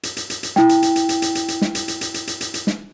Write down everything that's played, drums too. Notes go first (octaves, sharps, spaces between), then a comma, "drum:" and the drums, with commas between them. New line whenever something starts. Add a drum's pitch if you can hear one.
drum: hi-hat
drum: hi-hat
drum: hi-hat
drum: hi-hat
E4 G5, drum: snare
drum: hi-hat
drum: hi-hat
drum: hi-hat
drum: hi-hat
drum: hi-hat
drum: hi-hat
drum: hi-hat
drum: snare
drum: hi-hat
drum: hi-hat
drum: hi-hat
drum: hi-hat
drum: hi-hat
drum: hi-hat
drum: hi-hat
drum: snare